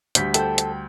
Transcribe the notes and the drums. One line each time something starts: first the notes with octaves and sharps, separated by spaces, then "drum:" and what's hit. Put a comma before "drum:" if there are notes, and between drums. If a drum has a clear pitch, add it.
D2 G3 G6 B6, drum: hi-hat
A4 C5 G5, drum: hi-hat
drum: hi-hat